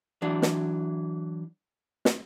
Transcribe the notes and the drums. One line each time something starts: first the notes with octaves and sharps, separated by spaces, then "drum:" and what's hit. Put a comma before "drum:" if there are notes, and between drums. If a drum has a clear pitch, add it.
E3 F#3 D4
drum: snare
drum: snare